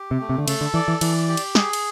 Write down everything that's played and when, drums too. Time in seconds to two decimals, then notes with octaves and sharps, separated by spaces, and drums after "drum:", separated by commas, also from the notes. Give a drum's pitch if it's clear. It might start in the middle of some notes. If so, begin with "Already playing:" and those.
Already playing: G4
0.11 C3
0.20 A3
0.29 C3
0.38 D3
0.48 C#3 A4, drum: cymbal
0.61 D3
0.74 E3 D5
0.88 E3
1.01 E3 D5, drum: cymbal
1.28 G4
1.37 drum: cymbal
1.55 G#4, drum: snare
1.73 drum: cymbal